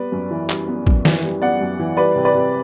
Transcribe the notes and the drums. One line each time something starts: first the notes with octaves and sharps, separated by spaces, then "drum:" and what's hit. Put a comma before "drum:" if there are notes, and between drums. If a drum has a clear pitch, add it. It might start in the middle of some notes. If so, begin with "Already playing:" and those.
Already playing: G3 B3 B4 D5
F#2
E3
G3, drum: clap
B3
F#2, drum: kick
E3, drum: snare
G3
B3 D5 F#5
F#2
E3
G3 B4 D5
C3
B4 D5
C3